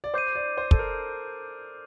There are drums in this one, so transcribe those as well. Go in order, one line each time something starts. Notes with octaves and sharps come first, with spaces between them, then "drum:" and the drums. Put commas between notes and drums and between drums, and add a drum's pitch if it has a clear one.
D5
C5 D6 G6 C7 D#7
D5
C5
A4, drum: kick
A#4